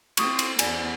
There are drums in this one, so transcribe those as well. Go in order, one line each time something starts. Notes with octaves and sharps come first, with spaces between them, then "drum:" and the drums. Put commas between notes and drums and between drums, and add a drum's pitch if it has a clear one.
C4 F4 C#6 D#6, drum: cymbal
drum: cymbal
E2 B3 D5 G#5, drum: cymbal